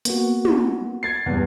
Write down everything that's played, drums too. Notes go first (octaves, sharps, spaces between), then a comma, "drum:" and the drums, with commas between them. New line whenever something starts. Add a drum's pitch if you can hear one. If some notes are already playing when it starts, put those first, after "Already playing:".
A#3 B3 F#4, drum: hi-hat
drum: tom
G#6 A6 C7
E2 G2